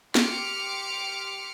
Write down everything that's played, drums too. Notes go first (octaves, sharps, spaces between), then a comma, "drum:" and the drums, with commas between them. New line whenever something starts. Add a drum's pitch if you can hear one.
G4 C6 D6 F6 C#7, drum: snare